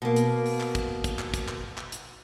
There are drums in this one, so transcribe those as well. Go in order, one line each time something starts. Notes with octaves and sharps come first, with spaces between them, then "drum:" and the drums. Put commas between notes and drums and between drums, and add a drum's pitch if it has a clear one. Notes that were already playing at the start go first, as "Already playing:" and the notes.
B2 A#3
drum: hi-hat
drum: open hi-hat
drum: clap
drum: kick, hi-hat
drum: kick, hi-hat
drum: clap
drum: kick, hi-hat
drum: clap
drum: clap
drum: hi-hat